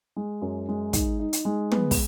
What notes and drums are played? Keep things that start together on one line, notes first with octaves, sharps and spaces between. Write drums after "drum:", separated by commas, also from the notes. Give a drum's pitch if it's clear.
G#3
F#2
G#3
D#4, drum: kick, hi-hat
D#4
drum: hi-hat
G#3
B3, drum: tom
drum: kick, open hi-hat